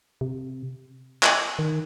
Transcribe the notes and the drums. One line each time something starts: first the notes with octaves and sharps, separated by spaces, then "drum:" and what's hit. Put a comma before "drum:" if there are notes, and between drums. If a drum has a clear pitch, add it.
C3
drum: clap
D#3